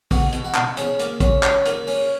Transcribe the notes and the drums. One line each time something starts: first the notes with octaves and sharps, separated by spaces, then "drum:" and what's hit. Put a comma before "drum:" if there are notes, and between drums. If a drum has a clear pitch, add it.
B2 F#4, drum: kick, open hi-hat
B2, drum: hi-hat
F#4
B2, drum: clap
C#4 G#4, drum: hi-hat
A#3, drum: hi-hat
C#4, drum: kick, hi-hat
C#4, drum: clap
A#3, drum: hi-hat
C#4, drum: open hi-hat